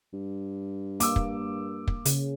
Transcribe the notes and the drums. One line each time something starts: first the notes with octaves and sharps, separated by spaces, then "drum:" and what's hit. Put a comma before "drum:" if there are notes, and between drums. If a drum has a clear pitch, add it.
G2
A#3 D6 E6, drum: hi-hat
drum: kick
drum: kick
C#3, drum: hi-hat